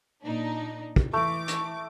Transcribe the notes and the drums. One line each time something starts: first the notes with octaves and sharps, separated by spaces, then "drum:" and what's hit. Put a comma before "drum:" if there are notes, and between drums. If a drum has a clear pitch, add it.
A#2 D4 D#4
drum: kick
E3 A3 D6
drum: hi-hat